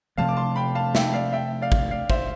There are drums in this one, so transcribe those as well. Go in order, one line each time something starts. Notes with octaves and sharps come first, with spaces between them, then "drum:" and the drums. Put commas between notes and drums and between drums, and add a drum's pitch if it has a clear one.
C3 F3 A3 F5 A5
D6
A5 C6
G5 B5
F5 A5
E5 G5, drum: snare
D5 F5
E5 G5
D5 F5
drum: kick
D5 F5
C5 E5, drum: kick